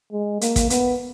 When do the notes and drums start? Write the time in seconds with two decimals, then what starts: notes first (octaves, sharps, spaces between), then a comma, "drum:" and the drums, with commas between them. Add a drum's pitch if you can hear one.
0.12 G#3
0.41 A#3, drum: hi-hat
0.56 drum: kick, hi-hat
0.70 B3, drum: hi-hat